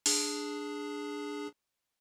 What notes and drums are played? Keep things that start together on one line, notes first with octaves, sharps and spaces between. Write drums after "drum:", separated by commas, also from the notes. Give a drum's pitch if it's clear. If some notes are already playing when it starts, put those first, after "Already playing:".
D4 G#4, drum: open hi-hat